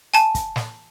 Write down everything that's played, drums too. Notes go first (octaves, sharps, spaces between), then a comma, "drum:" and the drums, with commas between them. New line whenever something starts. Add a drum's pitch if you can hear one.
G#5 A5, drum: hi-hat
drum: kick, hi-hat
drum: snare